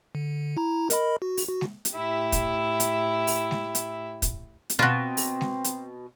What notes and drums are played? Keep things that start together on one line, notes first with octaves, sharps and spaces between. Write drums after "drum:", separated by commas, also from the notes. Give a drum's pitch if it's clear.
D3
E4 A#5
A#4 D#5 B5, drum: hi-hat
F#4
drum: open hi-hat
F#4
drum: snare G#3
drum: hi-hat
A2 E4 G4 E5
drum: kick, hi-hat
drum: hi-hat
drum: open hi-hat
drum: snare G#3
drum: hi-hat
drum: kick, hi-hat
drum: hi-hat
B2 C4 F4 F#4
drum: open hi-hat
drum: snare G#3
drum: hi-hat